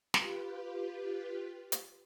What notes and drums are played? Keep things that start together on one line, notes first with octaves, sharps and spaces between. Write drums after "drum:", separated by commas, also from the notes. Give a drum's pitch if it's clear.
F4 G4 B4, drum: snare
drum: hi-hat